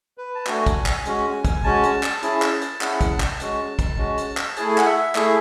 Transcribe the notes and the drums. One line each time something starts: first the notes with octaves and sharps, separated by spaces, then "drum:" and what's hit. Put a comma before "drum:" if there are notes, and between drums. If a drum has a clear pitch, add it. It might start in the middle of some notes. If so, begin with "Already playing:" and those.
B4
A5
A3 D4 F#4 G#5, drum: clap
drum: kick, hi-hat
drum: clap
G#3 C#4 F#4, drum: hi-hat
drum: kick, hi-hat
G#3 C#4 F#4 A5
drum: hi-hat
drum: clap
C#4 E4 G#4, drum: hi-hat
drum: clap
drum: hi-hat
C#4 E4 G#4 F#5, drum: clap
drum: kick, hi-hat
A5
drum: clap
G#3 C#4 F#4, drum: hi-hat
drum: kick, hi-hat
G#3 C#4 F#4
drum: hi-hat
drum: clap
A3 E4 G#4 G#5, drum: hi-hat
G#5
F#5, drum: clap
E5
A3 E4 G#4, drum: clap